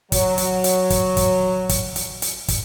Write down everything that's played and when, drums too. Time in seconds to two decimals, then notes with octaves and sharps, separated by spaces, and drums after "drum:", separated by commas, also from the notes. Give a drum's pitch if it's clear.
0.12 F#3, drum: kick, hi-hat
0.38 drum: hi-hat
0.64 drum: hi-hat
0.90 drum: kick, hi-hat
1.17 drum: kick, hi-hat
1.69 drum: kick, hi-hat
1.96 drum: hi-hat
2.22 drum: hi-hat
2.48 drum: kick, hi-hat